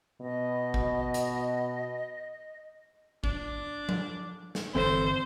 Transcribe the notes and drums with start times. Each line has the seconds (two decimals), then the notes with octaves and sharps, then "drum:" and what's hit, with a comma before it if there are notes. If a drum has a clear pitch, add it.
0.21 B2 D#5
0.74 drum: kick A1
1.14 drum: hi-hat
3.24 D4, drum: kick A1
3.89 drum: tom F3
4.55 drum: snare
4.75 G1 E3 C4 A4 C5